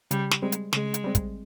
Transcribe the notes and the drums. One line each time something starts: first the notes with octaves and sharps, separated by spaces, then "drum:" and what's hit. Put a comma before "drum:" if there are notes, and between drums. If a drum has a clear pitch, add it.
C#3 G3, drum: hi-hat
drum: snare
G3 G#3 C4
drum: hi-hat
C#3 G#3, drum: snare
drum: hi-hat
G3 C4
drum: kick, hi-hat